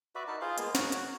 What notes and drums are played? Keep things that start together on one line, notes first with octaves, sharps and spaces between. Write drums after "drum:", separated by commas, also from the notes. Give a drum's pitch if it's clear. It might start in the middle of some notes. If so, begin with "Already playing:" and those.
F#4 B4 D5 E5
D#4 A#4 A5
F4 G#4 C5 F5
G#3 A#3 B3, drum: hi-hat
A#4 C#5 F#5, drum: snare
F#4, drum: hi-hat